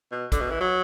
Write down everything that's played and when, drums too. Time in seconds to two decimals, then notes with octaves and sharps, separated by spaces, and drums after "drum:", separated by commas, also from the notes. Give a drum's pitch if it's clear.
0.12 B2
0.32 D3, drum: kick, hi-hat
0.41 B2
0.51 E3
0.61 F#3